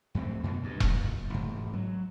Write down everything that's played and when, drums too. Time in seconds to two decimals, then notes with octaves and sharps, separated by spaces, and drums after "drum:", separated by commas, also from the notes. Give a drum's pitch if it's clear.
0.15 F2 A2 A3 C4
0.44 F#2 B2 B3
0.62 D2 G2
0.80 F#2 A#2 C#3, drum: kick E1
1.30 A1 G#2
1.73 F#3